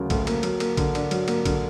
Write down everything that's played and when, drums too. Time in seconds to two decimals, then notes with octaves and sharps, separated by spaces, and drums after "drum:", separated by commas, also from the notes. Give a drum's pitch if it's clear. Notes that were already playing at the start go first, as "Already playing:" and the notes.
Already playing: D2 C#3 F#3 A#3
0.10 D2, drum: kick A#1, cymbal
0.27 A#3, drum: cymbal
0.43 F#3, drum: cymbal
0.60 A#3, drum: cymbal
0.77 D3, drum: kick A#1, cymbal
0.95 D4, drum: cymbal
1.11 F#3, drum: cymbal
1.28 A#3, drum: cymbal
1.45 D3, drum: kick A#1, cymbal